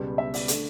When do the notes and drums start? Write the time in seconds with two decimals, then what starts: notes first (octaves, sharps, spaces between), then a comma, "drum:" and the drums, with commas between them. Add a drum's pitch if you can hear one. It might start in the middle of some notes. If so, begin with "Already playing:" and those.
Already playing: C#2 B2 G3 B3
0.18 E5
0.34 D5, drum: open hi-hat
0.48 D3 A3, drum: hi-hat